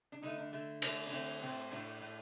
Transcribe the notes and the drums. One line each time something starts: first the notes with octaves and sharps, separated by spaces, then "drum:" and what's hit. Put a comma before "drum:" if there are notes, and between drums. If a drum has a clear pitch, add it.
D4
D3 A3 D#4
D4
D3 A3
D3 A3 D4, drum: cymbal
D4
D3 A3 C4
A2 A3 C4
A2 A3 D4
A2 A3